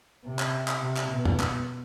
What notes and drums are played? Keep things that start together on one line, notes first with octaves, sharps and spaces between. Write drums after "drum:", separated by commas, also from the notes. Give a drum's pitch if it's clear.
C3
drum: clap
drum: clap
C3
drum: clap
B2
drum: tom
drum: clap